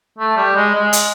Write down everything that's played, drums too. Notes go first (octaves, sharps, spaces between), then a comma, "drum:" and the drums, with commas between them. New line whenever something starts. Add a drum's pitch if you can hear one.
A3
G3
G#3
G#3
drum: hi-hat